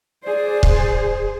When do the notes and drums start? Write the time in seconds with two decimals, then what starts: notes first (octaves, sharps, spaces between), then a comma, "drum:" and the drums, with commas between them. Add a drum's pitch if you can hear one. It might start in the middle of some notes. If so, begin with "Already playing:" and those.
0.24 G#4 C5 D5
0.63 drum: kick C#1